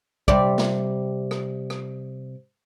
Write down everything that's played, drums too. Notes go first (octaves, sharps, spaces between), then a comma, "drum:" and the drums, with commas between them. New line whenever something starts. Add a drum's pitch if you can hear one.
C3 G3 D5, drum: kick
drum: snare
drum: rim click
drum: rim click